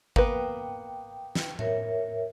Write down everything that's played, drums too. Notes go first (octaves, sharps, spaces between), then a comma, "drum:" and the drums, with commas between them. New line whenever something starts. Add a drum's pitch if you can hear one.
A#3 B3 B4 G5, drum: kick G#1
drum: snare
A#4 C#5 E5, drum: tom A2